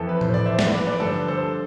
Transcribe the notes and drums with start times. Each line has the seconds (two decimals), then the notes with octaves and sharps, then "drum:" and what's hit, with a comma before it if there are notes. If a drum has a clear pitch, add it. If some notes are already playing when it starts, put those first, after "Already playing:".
Already playing: F2 E3 A4
0.09 B4
0.21 C5, drum: tom A2
0.34 D5
0.46 C5 E5
0.59 B4 D5, drum: snare
0.73 B4 D5
0.87 B4 D5
1.00 G2 D3 F3 A4 C5
1.28 A4 C5